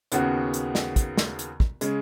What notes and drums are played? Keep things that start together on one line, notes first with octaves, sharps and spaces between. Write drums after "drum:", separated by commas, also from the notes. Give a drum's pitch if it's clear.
D#2 C#3 B3 F#4, drum: hi-hat
drum: hi-hat
drum: snare
drum: kick, hi-hat
drum: snare
drum: hi-hat
drum: kick
C#3 G#3, drum: hi-hat